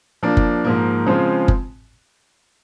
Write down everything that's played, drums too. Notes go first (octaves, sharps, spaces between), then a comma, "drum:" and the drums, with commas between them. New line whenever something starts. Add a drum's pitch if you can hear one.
F3 A#3 D4
drum: kick F#1
G#2 F3 A#3
C#3 F3 G#3 C4 F4
drum: kick F#1